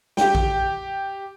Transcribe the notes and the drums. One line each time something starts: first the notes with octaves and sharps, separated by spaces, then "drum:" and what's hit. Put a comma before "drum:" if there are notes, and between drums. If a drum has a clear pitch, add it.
G4 G5, drum: snare
drum: kick A#1